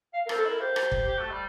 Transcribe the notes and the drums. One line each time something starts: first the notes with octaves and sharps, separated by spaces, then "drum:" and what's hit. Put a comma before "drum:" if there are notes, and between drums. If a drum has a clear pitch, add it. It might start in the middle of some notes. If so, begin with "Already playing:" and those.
F5
A#4
C4, drum: rim click
A4
E4 A#4
G4 C5
drum: rim click
drum: kick
G4
A3
G3